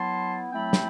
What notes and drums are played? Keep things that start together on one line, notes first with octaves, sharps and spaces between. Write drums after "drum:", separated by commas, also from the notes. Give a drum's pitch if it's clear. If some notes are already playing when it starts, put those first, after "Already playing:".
Already playing: F#3 B3 E4 A5 C6
F#3 A3 C4 E4 G5 B5
drum: snare